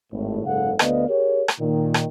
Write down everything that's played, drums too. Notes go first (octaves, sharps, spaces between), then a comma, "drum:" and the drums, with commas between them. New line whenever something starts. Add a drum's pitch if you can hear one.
G#1 A2
F#1 G#2 C#3 A4 F5 F#5
D2 B3 B4 D5 D#5 F5, drum: rim click
G4 G#4 A#4 C#5
drum: rim click
A#2 D#3
drum: rim click